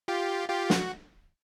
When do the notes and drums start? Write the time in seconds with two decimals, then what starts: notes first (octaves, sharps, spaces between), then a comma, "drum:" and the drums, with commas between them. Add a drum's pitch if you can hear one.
0.08 F4 G4
0.49 F4 G4
0.70 F#4, drum: snare